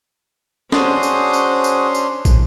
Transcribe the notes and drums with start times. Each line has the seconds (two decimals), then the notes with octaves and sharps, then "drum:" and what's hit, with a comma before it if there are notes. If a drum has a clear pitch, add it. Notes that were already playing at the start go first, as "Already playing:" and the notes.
0.72 C#4 D4 F#4 G#4 C5 C6 D#6, drum: snare
1.03 drum: tambourine
1.33 drum: tambourine
1.64 drum: tambourine
1.95 drum: tambourine
2.25 drum: kick, tambourine